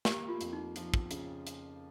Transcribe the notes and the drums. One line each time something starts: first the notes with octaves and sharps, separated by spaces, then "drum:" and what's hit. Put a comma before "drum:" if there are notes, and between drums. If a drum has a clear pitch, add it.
A#3 G4, drum: snare
F4
F2, drum: hi-hat
D#4
F3, drum: hi-hat
drum: kick
C#3, drum: hi-hat
drum: hi-hat